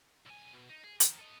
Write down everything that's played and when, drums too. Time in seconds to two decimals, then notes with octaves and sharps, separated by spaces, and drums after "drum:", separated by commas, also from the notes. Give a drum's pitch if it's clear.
0.26 B1 G#5
0.54 B2
0.69 D#4
0.84 G#4
1.00 F2 D#3, drum: hi-hat
1.18 A4 D#5